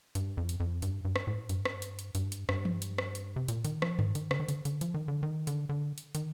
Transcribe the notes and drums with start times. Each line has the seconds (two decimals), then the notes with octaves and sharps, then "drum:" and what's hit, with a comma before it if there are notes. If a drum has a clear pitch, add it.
0.15 G2, drum: hi-hat
0.37 F2
0.49 drum: hi-hat
0.60 F2
0.82 G2, drum: hi-hat
1.05 G2
1.16 drum: rim click
1.27 A2
1.49 G2, drum: hi-hat
1.65 drum: rim click
1.82 drum: hi-hat
1.99 drum: hi-hat
2.15 G2, drum: hi-hat
2.32 drum: hi-hat
2.49 G2, drum: rim click
2.65 drum: tom E3
2.82 drum: hi-hat
2.98 drum: rim click
3.15 drum: hi-hat
3.36 C3
3.48 A#2, drum: hi-hat
3.65 D#3, drum: hi-hat
3.82 F3, drum: rim click
3.99 D#3, drum: tom G2
4.15 D#3, drum: hi-hat
4.31 D3, drum: rim click
4.40 D#3
4.49 D3, drum: hi-hat
4.65 D3, drum: hi-hat
4.81 F3, drum: hi-hat
4.94 D#3
5.08 D3
5.23 D#3
5.47 D3, drum: hi-hat
5.69 D3
5.98 drum: hi-hat
6.15 D#3, drum: hi-hat